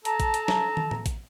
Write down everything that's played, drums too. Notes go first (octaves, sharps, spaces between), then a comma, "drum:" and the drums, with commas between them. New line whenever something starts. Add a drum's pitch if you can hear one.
A4 A5 A#5, drum: hi-hat
drum: kick A1, hi-hat
drum: hi-hat
drum: snare
drum: tom
drum: tom A2
drum: kick A1, hi-hat